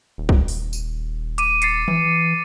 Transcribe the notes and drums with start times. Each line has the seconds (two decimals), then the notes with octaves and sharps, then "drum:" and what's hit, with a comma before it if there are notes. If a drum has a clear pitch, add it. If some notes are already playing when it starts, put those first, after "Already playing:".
0.18 D#1
0.29 drum: kick B1
0.48 drum: open hi-hat
0.73 drum: tambourine
1.38 D6 D#7, drum: hi-hat
1.62 A6 C7 C#7, drum: hi-hat
1.88 E3, drum: tom E3